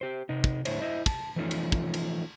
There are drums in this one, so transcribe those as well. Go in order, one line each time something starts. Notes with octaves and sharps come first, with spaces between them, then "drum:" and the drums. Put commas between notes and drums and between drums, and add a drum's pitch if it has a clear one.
G4 C5
C3 D#4
drum: kick
A2 D3 E4 C5 C#5, drum: cymbal
E4 C5 D#5 E5
A5, drum: kick, cymbal
E3 F3 A3 C#4 D#4 F4
drum: cymbal
drum: kick
drum: cymbal